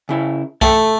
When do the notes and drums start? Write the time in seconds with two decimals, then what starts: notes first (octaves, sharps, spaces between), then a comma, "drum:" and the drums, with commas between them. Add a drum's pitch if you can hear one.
0.09 C#3 E4
0.62 A3 A4 G5 A5, drum: kick C2